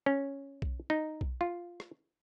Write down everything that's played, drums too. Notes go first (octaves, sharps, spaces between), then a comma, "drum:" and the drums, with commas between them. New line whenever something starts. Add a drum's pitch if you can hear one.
C#4
drum: kick B1
D#4
drum: kick B1
F4
drum: rim click